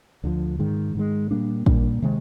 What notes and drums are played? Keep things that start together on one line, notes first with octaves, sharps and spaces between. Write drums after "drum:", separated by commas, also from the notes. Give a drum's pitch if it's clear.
D2 D3 F3
G#2 D#3 G#3
G#2 D#3 G#3
A#2 G3 A#3 D4
A#2 G3 A#3 D4, drum: kick
C3 D#3 G#3